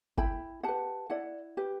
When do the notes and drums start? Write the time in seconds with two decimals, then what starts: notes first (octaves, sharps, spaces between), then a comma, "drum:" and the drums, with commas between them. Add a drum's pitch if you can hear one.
0.17 E4 G5 B5, drum: kick G1
0.63 G4 B4 F#5 A5
1.10 E4 D5 F#5
1.57 G4 B4